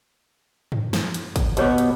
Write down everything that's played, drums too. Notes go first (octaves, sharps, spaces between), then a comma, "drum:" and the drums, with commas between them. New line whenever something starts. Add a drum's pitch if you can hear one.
drum: tom
drum: snare
drum: hi-hat
drum: kick, hi-hat
B2 B3 G4 C#5 D6, drum: hi-hat
drum: hi-hat